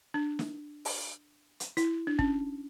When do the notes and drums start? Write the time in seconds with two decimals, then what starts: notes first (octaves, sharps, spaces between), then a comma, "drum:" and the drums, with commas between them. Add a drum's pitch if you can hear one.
0.14 D4
0.39 drum: snare
0.85 drum: open hi-hat
1.60 drum: hi-hat
1.77 E4, drum: hi-hat
2.07 D4
2.19 C#4, drum: kick